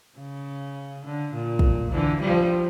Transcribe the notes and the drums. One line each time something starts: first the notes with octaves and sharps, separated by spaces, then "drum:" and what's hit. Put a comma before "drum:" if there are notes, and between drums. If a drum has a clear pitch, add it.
C#3
D3
A#2
drum: kick
D3 E3
F3 G3